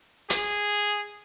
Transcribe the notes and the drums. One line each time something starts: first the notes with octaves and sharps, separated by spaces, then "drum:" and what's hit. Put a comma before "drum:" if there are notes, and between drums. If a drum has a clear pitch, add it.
G#4, drum: hi-hat